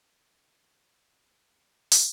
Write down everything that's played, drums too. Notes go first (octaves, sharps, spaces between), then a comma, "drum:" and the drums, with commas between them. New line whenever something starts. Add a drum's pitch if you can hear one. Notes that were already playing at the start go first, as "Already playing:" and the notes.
Already playing: B3
E3 D4
A2
E3
G2 C4
B3
D3
A3
A2 B3
E3
drum: open hi-hat